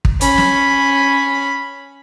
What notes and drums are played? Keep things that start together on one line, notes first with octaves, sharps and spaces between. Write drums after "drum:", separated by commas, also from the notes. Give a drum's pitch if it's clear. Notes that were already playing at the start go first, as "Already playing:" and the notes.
drum: kick
C#4 B5, drum: hi-hat
drum: snare